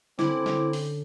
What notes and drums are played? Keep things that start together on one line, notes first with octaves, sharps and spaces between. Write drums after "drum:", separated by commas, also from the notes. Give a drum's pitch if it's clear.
D3 C4 C#4 E4 D6, drum: snare
drum: snare
drum: open hi-hat